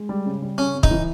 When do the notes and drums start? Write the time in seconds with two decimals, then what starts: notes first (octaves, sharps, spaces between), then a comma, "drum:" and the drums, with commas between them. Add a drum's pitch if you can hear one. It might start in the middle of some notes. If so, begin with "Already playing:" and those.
Already playing: G#3
0.09 G3
0.26 C#3
0.42 G3
0.58 C#3 C#4
0.76 C#3
0.83 D#4, drum: kick
0.91 E3